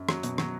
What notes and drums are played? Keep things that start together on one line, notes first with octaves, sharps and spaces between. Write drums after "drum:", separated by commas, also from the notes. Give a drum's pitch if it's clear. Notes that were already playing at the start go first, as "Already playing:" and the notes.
Already playing: F#2
F#3, drum: rim click
B2, drum: hi-hat
F#3, drum: rim click